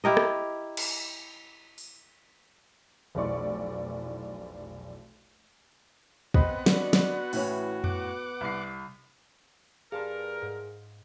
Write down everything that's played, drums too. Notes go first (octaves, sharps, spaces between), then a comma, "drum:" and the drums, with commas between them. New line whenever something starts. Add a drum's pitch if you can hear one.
E4 G4 A#4 D#5
drum: rim click
drum: cymbal
drum: open hi-hat
F1 B1 E3 D5 C#6
B3 C4 D#5 F#5 B5, drum: kick
D4 F#4, drum: snare
drum: snare
A2 E3 C#4, drum: open hi-hat
B3 F#5 D6, drum: tom F2
C2 C7
G2 G#4 A#4 F5 A5 C6
G#2